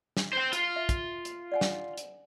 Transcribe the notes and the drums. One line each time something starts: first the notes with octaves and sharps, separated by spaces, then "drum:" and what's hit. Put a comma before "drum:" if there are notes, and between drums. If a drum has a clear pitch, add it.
drum: snare
C5 G5
F4, drum: hi-hat
E5
drum: kick, hi-hat
drum: hi-hat
D5 F#5 G#5
drum: snare
drum: hi-hat